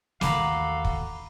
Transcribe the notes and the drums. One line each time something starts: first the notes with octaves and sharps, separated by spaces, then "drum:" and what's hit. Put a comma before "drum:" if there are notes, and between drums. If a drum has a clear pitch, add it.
A1 D#2 F#4 A4 F5 A#5 B5 D6, drum: snare
drum: kick